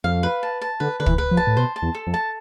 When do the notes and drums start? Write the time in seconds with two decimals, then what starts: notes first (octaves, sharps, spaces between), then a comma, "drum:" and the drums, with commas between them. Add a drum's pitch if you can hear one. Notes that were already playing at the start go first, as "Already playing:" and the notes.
0.04 F2 F5
0.23 B4
0.43 A5
0.62 A5
0.80 D3 B4
1.00 D3 B4
1.06 E3, drum: kick
1.18 B4
1.31 F3
1.37 A5
1.47 A2
1.57 B2 C5
1.76 A5
1.82 E2
1.95 A4
2.07 F2
2.14 A5